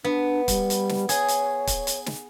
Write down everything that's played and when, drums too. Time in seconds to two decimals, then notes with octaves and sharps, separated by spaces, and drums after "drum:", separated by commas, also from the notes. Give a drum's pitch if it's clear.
0.04 B3 D4
0.48 G3, drum: kick, hi-hat
0.70 drum: hi-hat
0.89 drum: snare
1.09 G#4 C#5, drum: hi-hat
1.28 drum: hi-hat
1.67 drum: kick, hi-hat
1.87 drum: hi-hat
2.06 drum: snare